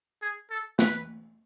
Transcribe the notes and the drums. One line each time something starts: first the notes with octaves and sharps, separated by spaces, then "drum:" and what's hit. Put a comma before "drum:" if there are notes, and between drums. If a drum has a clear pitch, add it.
G#4
A4
B4, drum: snare